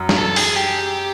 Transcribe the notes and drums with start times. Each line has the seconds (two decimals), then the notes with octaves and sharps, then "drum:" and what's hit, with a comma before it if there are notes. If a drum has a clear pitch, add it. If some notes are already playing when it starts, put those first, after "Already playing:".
Already playing: F#2
0.09 drum: snare
0.18 A4
0.36 G#4, drum: open hi-hat
0.56 G4